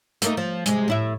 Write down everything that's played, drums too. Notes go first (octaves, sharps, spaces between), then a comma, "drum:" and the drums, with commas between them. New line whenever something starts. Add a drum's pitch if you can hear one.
A3 A#3 D#4, drum: hi-hat
F3
C3 G#3, drum: hi-hat
A2 E4 E5